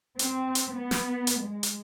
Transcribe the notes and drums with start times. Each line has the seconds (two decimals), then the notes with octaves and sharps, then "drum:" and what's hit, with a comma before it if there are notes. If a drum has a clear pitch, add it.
0.19 C4, drum: hi-hat
0.55 drum: hi-hat
0.75 B3
0.91 drum: snare
1.27 drum: hi-hat
1.41 G#3
1.63 drum: hi-hat